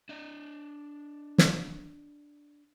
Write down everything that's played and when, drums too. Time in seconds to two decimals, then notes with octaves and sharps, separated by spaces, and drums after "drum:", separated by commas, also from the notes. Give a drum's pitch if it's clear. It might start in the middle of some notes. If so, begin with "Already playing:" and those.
0.09 D4 D#5
1.38 drum: snare